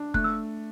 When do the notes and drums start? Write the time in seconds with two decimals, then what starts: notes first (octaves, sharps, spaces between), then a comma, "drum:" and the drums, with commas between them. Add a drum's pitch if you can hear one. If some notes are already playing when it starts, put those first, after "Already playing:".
Already playing: D4
0.14 A3 F#6, drum: kick F1
0.24 E6